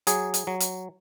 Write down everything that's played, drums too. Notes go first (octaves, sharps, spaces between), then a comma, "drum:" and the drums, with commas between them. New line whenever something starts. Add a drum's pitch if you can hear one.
F#3 G#4, drum: hi-hat
drum: hi-hat
F#3
drum: hi-hat